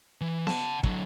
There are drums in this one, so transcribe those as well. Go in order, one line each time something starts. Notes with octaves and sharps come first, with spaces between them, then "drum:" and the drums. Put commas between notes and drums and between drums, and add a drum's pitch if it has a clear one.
E3
F#5 A5, drum: snare B3
D3 F#3, drum: kick